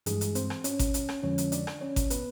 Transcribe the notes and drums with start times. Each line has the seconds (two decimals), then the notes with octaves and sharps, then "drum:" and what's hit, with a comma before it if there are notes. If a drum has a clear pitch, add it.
0.06 G2 E3 G#3 G#4, drum: hi-hat
0.21 drum: hi-hat
0.35 C4 C5, drum: hi-hat
0.50 drum: rim click
0.64 C#4 C#5, drum: hi-hat
0.79 drum: kick G#1, hi-hat
0.94 drum: hi-hat
1.09 drum: rim click
1.23 F2 D3 F3 G#3 C#4 C#5
1.38 drum: hi-hat
1.52 D4 D5, drum: hi-hat
1.67 drum: rim click
1.81 C#4 C#5
1.96 drum: kick G#1, hi-hat
2.10 B3 B4, drum: hi-hat